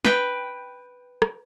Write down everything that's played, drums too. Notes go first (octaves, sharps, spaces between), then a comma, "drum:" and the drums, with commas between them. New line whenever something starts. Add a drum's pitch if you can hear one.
B4 G5, drum: snare
drum: rim click